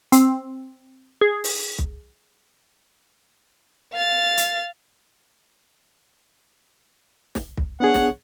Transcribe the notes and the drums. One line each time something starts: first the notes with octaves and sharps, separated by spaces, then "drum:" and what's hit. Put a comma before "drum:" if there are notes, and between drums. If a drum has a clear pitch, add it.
C4, drum: hi-hat
G#4
drum: open hi-hat
drum: kick
F5 A6
drum: hi-hat
drum: snare
drum: kick
B3 D4 G#4 C#5 F#5
drum: snare